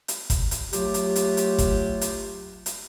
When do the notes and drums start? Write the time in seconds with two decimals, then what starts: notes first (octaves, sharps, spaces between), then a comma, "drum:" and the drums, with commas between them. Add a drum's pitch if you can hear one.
0.08 drum: hi-hat
0.30 drum: kick G1, hi-hat
0.51 drum: hi-hat
0.73 F#3 A3 F4 G4, drum: hi-hat
0.94 drum: hi-hat
1.16 drum: hi-hat
1.37 drum: hi-hat
1.58 drum: kick G1, hi-hat
2.01 drum: hi-hat
2.66 drum: hi-hat